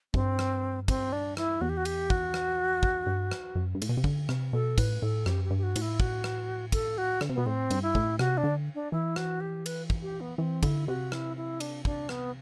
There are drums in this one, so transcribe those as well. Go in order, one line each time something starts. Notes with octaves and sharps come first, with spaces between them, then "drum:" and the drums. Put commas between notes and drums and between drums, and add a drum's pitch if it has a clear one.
G2 C4, drum: kick
drum: rim click
C4, drum: kick, cymbal
D4
E4, drum: rim click
E2 F#4
G4
F#4
G4, drum: cymbal
F#4, drum: kick
drum: rim click
drum: kick
G2
drum: rim click
F#2
G2
A2, drum: cymbal
B2
C3
D3, drum: kick
C3, drum: rim click
B2 A4
A2 B4, drum: kick, cymbal
A2 A4
F#2 G4, drum: rim click
G4
G2
G4
F#4
A2, drum: cymbal
E4
F#4, drum: kick
drum: rim click
A4, drum: kick, cymbal
F#4
D3, drum: rim click
C3
B2 B3
A2 C4
G2, drum: cymbal
E4
A2, drum: kick
C3 F#4, drum: rim click
D4
D3
D4
E3 E4
F#4, drum: rim click
G4
B4, drum: cymbal
drum: kick
G4
B3
E3 C4
D3 E4, drum: kick, cymbal
C3 F#4
E4, drum: rim click
E4
D4, drum: cymbal
D4, drum: kick
B3, drum: rim click